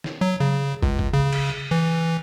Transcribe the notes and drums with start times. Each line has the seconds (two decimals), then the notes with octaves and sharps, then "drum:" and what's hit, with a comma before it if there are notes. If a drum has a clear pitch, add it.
0.04 drum: snare
0.21 F#3
0.40 C#3
0.83 C#2, drum: kick
0.99 drum: kick
1.13 C#3
1.33 drum: cymbal
1.71 E3